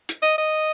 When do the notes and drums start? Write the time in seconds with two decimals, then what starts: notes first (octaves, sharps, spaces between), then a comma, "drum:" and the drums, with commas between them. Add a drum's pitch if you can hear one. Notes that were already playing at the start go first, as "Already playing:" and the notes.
0.09 drum: hi-hat
0.22 D#5
0.38 D#5